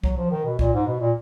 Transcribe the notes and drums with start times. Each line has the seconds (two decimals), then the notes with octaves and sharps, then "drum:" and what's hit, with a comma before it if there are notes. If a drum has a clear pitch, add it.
0.04 F#3, drum: kick B1
0.17 F3
0.31 D#3
0.45 B2
0.59 A#2, drum: kick B1
0.73 G#2
0.87 B2
1.00 A#2